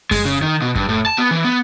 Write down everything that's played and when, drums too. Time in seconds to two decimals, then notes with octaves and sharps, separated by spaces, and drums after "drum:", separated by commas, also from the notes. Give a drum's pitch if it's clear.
0.11 G#3, drum: kick F#2, open hi-hat
0.25 C#3
0.42 D#3
0.62 B2
0.76 G2, drum: kick F#2
0.89 A2
1.06 A5
1.18 B3
1.31 E3
1.44 B3